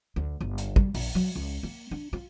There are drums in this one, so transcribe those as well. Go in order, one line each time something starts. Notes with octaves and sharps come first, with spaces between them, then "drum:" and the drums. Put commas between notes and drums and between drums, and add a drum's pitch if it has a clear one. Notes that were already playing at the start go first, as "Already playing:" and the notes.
D2
G1
drum: hi-hat
G3, drum: kick
A#1, drum: open hi-hat
F#3
C#2
A#3
D4
F4